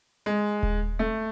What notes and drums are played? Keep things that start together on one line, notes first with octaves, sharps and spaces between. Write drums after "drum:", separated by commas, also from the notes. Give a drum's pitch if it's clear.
G#3
drum: kick D#1
A3